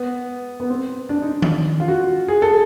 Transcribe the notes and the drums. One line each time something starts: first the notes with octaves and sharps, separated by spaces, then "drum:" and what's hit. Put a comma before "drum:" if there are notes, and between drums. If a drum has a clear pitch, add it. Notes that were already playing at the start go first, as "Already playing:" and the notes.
Already playing: B3
B3
C4
D4
D#4
drum: tom D#3
F4
F#4
G#4
A4